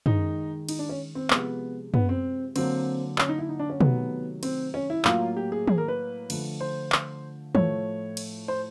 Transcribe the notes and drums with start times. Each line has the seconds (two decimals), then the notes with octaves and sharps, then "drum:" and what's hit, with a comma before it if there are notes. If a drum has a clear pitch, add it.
0.06 D#3 G#3 D#4, drum: tom
0.69 D#4, drum: cymbal
0.79 D4
0.89 C#4
1.15 C4
1.30 C3 F3 G#3 B3, drum: clap
1.94 B3, drum: tom
2.09 C4
2.56 D3 F#3 A#3 C4, drum: cymbal
3.18 C#4, drum: clap
3.29 D#4
3.39 E4
3.49 D#4
3.59 D4
3.70 C#4
3.81 C3 D#3 F#3 A3 B3, drum: tom
4.43 C4, drum: cymbal
4.74 C#4
4.90 E4
5.05 A2 F#3 A#3 F4, drum: clap
5.37 G4
5.52 G#4
5.68 G#4, drum: tom
5.78 A#4
5.88 B4
6.30 D3 F3 A3, drum: cymbal
6.60 C5
6.92 drum: clap
7.55 A2 F3 A3 C#5, drum: tom
8.17 drum: cymbal
8.48 C5